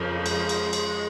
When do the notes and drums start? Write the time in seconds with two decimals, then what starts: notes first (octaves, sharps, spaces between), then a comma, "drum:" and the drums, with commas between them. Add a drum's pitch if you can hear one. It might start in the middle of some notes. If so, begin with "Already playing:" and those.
Already playing: F2 C#3 F3 A#3
0.26 G#3, drum: cymbal
0.49 drum: cymbal
0.73 drum: cymbal